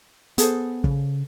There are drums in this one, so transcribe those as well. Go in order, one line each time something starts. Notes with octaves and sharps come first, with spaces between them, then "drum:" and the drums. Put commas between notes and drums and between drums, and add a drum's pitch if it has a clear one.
B3 G#4 A4 C5, drum: hi-hat
C#3, drum: kick